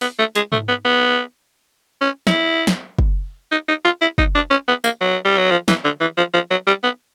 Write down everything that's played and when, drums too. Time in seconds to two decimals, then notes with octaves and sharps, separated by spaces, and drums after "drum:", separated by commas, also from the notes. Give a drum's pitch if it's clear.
0.01 B3, drum: open hi-hat
0.19 A3
0.35 G#3, drum: hi-hat
0.52 A3, drum: tom G#2
0.68 B3
0.85 B3
2.01 C#4
2.27 E4, drum: snare
2.67 drum: snare
2.99 drum: kick
3.51 D#4
3.68 D#4
3.84 F4
4.01 E4
4.18 D#4, drum: kick
4.35 D4
4.50 C#4
4.68 B3
4.84 A#3, drum: tambourine
5.01 F#3
5.25 G3
5.37 F#3
5.51 F3
5.68 E3, drum: snare
5.84 D3
6.00 E3
6.17 F3
6.33 F3
6.50 F#3
6.67 G3
6.83 B3